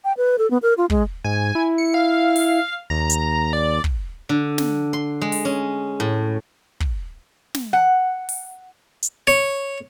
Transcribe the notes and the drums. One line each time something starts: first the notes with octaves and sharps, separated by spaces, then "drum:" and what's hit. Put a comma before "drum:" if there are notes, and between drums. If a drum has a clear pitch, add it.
G5
B4
A4
B3
A#4
F4
G#3, drum: kick
G#2 G#5
E4
C#7
F5
drum: open hi-hat
D#2 A#5
drum: hi-hat
D5
drum: kick
D3
drum: snare
C6
G#3
drum: open hi-hat
C#4
A2
drum: kick
drum: snare
F#5
drum: open hi-hat
drum: hi-hat
C#5